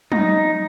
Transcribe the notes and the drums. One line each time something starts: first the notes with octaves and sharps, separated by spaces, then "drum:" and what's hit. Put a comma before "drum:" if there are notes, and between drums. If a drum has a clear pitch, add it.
D#4, drum: tom